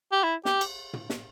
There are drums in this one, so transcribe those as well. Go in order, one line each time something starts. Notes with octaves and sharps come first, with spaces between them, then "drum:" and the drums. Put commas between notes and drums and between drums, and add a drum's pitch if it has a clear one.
G4
E4
G4, drum: snare
drum: cymbal
drum: tom
drum: snare